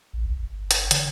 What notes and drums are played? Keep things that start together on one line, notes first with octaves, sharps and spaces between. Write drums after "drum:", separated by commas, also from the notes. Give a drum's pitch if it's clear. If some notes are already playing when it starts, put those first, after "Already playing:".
A1
C2
G1
drum: hi-hat
D3, drum: hi-hat